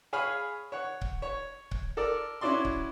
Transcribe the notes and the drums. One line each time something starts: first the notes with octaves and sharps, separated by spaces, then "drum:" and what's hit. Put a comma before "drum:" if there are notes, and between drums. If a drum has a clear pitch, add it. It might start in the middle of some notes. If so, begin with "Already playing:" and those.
G#4 C#5 F5 G#5 B5 F6
C#5 F#5
drum: kick C#1
C#5
drum: kick C#1
A4 A#4 D5
C#4 D4 E4 F#4 D5 C6
drum: kick C#1